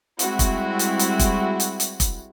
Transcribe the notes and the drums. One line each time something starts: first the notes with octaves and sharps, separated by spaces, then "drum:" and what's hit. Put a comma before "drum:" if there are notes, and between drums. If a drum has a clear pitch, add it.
G3 G#3 C4 E4 F#4, drum: hi-hat
drum: kick, hi-hat
drum: hi-hat
drum: hi-hat
drum: kick, hi-hat
drum: hi-hat
drum: hi-hat
drum: kick, hi-hat